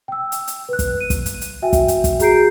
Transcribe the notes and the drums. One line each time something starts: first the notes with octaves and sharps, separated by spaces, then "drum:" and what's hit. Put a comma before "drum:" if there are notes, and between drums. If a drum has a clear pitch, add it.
G5 E6
drum: hi-hat
drum: hi-hat
B4 F#6
drum: kick, hi-hat
D#7
drum: kick, hi-hat
drum: hi-hat
drum: hi-hat
F#4 E5 G5 G#5
drum: kick, hi-hat
drum: hi-hat
drum: kick, hi-hat
F#4 G#4 A#5 G6 C7 D7, drum: hi-hat